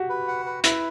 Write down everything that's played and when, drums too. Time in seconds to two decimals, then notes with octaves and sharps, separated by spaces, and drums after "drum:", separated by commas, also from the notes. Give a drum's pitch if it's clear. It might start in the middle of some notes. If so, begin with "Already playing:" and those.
Already playing: F#4 G4
0.09 B4
0.28 F#5
0.46 B4
0.64 E4 B4, drum: hi-hat